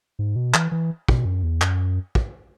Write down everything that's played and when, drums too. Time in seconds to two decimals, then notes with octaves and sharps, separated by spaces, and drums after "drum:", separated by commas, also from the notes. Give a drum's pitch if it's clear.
0.19 G#2
0.36 B2
0.54 E3, drum: clap
0.72 E3
1.08 B2, drum: kick
1.25 F#2
1.43 E2
1.62 F#2, drum: clap
2.15 drum: kick